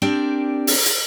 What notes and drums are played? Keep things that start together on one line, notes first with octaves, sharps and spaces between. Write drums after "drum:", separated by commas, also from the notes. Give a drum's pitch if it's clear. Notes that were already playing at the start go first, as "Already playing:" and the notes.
C4 D4 G4 A#4 D5
drum: open hi-hat
drum: hi-hat